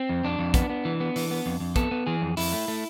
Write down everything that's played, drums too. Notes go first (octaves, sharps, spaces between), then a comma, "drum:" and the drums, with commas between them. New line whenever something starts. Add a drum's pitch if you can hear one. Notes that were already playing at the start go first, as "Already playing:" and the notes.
Already playing: C4
F2
F2 D4
F2
B3, drum: kick, hi-hat
B3
E3
B3
E3, drum: open hi-hat
B3
F2
F2
B3 A4, drum: kick, hi-hat
B3
E3 G#4
F2
F2 E4, drum: open hi-hat
A3
A3